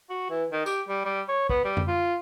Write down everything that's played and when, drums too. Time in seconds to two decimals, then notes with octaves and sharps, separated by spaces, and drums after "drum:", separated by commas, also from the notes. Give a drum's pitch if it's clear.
0.10 F#4
0.30 E3
0.52 D#3
0.66 G4, drum: tambourine
0.89 G3
1.05 G3
1.29 C#5
1.49 B3, drum: kick
1.65 G3
1.77 drum: tom F2
1.88 F4